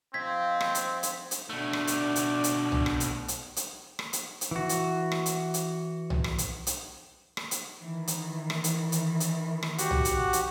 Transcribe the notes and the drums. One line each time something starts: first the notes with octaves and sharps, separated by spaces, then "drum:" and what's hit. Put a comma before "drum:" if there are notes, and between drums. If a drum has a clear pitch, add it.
F3 C4 F4 D#5 G#6 B6
drum: rim click
drum: hi-hat
drum: hi-hat
drum: hi-hat
B2 A3 D4
drum: rim click
drum: hi-hat
drum: hi-hat
drum: hi-hat
drum: tom
drum: rim click
drum: hi-hat
drum: hi-hat
drum: hi-hat
drum: rim click
drum: hi-hat
drum: hi-hat
E3 F#4
drum: hi-hat
drum: rim click
drum: hi-hat
drum: hi-hat
drum: tom
drum: rim click
drum: hi-hat
drum: hi-hat
drum: rim click
drum: hi-hat
D#3 E3
drum: hi-hat
drum: rim click
drum: hi-hat
drum: hi-hat
drum: hi-hat
drum: rim click
F#4 G4 F#5, drum: hi-hat
drum: tom
drum: hi-hat
drum: hi-hat